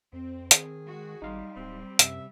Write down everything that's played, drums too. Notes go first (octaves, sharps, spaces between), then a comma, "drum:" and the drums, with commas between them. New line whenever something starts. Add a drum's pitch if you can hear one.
F2 C4
D#3 G#4, drum: hi-hat
G#3 F#4
G#1 G3 D#4 F5 C6
D1 C4
F#2 C3 E5, drum: hi-hat